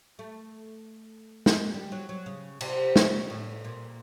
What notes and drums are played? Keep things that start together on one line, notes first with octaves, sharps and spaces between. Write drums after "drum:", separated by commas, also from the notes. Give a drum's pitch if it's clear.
A3
drum: snare
G#3
G3
F#3
F#3
C#3
C3, drum: cymbal
C#3, drum: snare
A2
A#2